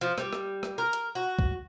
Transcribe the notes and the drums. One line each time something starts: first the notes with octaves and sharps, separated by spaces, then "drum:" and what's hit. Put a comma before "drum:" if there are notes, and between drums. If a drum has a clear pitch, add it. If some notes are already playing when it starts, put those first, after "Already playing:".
F3
G3, drum: rim click
drum: rim click
drum: rim click
A#4
drum: hi-hat
F#4
drum: kick C2